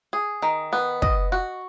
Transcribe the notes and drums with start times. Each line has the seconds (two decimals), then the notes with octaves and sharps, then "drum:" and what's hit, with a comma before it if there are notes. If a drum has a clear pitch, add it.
0.13 G#4
0.42 D#3
0.73 B3
1.02 D#5, drum: kick
1.32 F#4